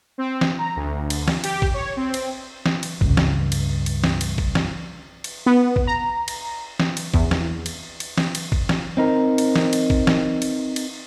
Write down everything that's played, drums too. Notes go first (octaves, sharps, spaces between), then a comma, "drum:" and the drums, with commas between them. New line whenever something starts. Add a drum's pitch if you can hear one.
C4
drum: snare
A#5
D2
drum: cymbal
drum: snare
G4, drum: cymbal
drum: kick
C#5
C4
drum: cymbal
drum: snare
drum: cymbal
C#2 G2, drum: kick
drum: snare
drum: cymbal
drum: cymbal
drum: snare
drum: cymbal
drum: kick
drum: snare
drum: cymbal
B3
drum: kick
A#5
drum: cymbal
drum: snare
drum: cymbal
E2, drum: kick
drum: snare
drum: cymbal
drum: cymbal
drum: snare
drum: cymbal
drum: kick
drum: snare
C4 D#4 A#4
drum: cymbal
drum: snare
drum: cymbal
drum: kick
drum: snare
drum: cymbal
drum: cymbal